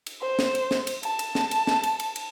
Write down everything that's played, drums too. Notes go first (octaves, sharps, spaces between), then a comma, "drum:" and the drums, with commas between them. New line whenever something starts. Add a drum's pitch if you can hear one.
drum: cymbal
C5
drum: snare
drum: cymbal
drum: snare
drum: cymbal
A5, drum: cymbal
drum: cymbal
drum: snare
drum: cymbal
drum: snare
drum: cymbal
drum: cymbal
drum: cymbal